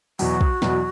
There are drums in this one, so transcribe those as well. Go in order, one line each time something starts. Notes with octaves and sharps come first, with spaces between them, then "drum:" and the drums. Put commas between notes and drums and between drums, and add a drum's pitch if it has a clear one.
E2 B2 F#3 F#4, drum: open hi-hat
drum: kick
E2 B2 F#3, drum: snare